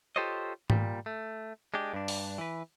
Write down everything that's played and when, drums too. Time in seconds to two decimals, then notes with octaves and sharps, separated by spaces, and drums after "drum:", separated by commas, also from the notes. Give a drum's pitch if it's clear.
0.16 F4 G4 A4 C5 C#5 D#5
0.70 A#2 G3, drum: tom G#2
1.06 A3
1.74 G#3 D4 G4
1.94 G2 D4
2.08 drum: open hi-hat
2.38 E3 B4